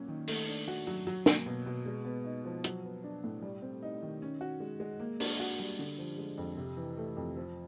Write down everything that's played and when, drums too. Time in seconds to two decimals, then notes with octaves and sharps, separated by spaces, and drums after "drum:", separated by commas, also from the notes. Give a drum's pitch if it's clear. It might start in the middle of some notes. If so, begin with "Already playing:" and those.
Already playing: A#2 F#3 A#3 C#4
0.08 D#3
0.28 A3, drum: open hi-hat
0.49 D4
0.68 F#4
0.87 F#3
1.07 F#3
1.26 A#3, drum: snare
1.46 B2
1.66 B2
1.86 G#3
2.05 B3
2.25 D#4
2.45 F3
2.64 F#3, drum: hi-hat
2.84 B3
3.04 D4
3.24 A2
3.42 G3
3.62 C4
3.83 D#4
4.02 D#3
4.22 C#4
4.41 F#4
4.60 G#3
4.80 G#3
5.00 A#3
5.20 D4, drum: open hi-hat
5.40 F#4
5.60 G3
5.79 D3
5.98 F3
6.18 G#3
6.38 F2
6.57 C3
6.77 E3
6.97 A3
7.17 F2
7.37 F3